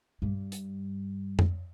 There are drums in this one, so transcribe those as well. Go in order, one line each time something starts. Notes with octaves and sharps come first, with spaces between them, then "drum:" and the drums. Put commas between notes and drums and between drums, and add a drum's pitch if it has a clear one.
G2 G3
drum: hi-hat
drum: tom F2